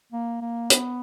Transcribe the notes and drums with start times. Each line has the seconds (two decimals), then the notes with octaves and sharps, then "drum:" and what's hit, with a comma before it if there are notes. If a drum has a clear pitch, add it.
0.12 A#3
0.41 A#3
0.70 B3, drum: hi-hat